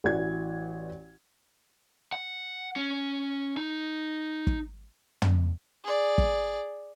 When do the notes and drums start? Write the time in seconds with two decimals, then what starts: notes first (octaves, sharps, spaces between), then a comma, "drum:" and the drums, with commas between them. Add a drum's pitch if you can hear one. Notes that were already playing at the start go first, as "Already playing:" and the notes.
0.04 A1 E3 F#4 D5 G#6
2.12 F#5
2.76 C#4
3.57 D#4
4.47 drum: kick
5.22 drum: tom
5.84 G#4 D5
6.18 drum: kick